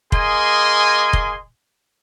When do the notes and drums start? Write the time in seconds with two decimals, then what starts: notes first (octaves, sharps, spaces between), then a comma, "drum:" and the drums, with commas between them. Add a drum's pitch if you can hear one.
0.12 A#3 G#4 D#5 G#5 C6, drum: kick
1.13 drum: kick